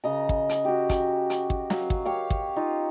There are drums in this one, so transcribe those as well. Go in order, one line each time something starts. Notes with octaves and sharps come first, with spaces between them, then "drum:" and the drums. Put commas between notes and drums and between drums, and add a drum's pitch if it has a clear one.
C#3 D#5 A#5
drum: kick
drum: hi-hat
F#4 G4
drum: kick, hi-hat
drum: hi-hat
drum: kick
F#3 F5, drum: snare
drum: kick
G4 C#5 F5
drum: kick
D#4 F4